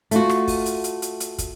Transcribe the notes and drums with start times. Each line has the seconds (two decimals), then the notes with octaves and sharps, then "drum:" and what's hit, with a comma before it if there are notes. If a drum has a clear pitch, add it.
0.11 A3 F4 F#4, drum: hi-hat
0.29 drum: rim click
0.48 drum: kick, open hi-hat
0.66 drum: hi-hat
0.84 drum: hi-hat
1.02 drum: hi-hat
1.20 drum: hi-hat
1.38 drum: kick, hi-hat